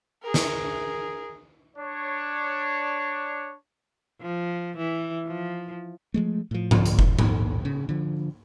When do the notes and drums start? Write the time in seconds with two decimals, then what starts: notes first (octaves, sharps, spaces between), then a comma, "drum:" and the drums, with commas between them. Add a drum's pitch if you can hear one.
0.22 G#4 A#4
0.34 drum: snare
1.77 D4 C#5
4.21 F3
4.78 E3
5.27 F3
6.14 F3 G#3 A3
6.51 A2 F3
6.71 C2 D3 F3, drum: tom G#2
6.86 drum: hi-hat
6.99 A#1 D#2, drum: kick F1
7.19 drum: tom G#2
7.65 C#3
7.89 D3 F3